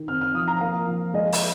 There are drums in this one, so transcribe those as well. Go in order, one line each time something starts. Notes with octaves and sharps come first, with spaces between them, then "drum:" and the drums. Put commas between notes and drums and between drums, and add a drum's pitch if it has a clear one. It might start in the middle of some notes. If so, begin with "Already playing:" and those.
Already playing: D#3
C4 F6
F6
F3 D#6
A#5
A#3 F5
F3
G#3 D#5
drum: open hi-hat